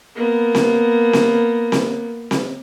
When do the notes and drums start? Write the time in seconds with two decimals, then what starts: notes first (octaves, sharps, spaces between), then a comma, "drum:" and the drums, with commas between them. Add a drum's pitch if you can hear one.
0.15 A#3 B3
0.55 drum: snare C4
1.13 drum: snare C4
1.72 drum: snare C4
2.31 drum: snare C4